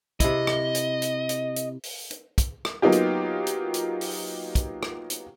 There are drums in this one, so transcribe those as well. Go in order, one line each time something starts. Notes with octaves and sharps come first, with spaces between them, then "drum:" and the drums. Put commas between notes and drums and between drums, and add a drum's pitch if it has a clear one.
C3 E4 D#5, drum: kick, hi-hat
drum: rim click
drum: hi-hat
drum: hi-hat
drum: hi-hat
drum: hi-hat
drum: open hi-hat
drum: hi-hat
drum: kick, hi-hat
drum: rim click
F#3 A#3 B3 D#4 F4 G4
drum: hi-hat
drum: hi-hat
drum: hi-hat
drum: open hi-hat
drum: kick, hi-hat
drum: rim click
drum: hi-hat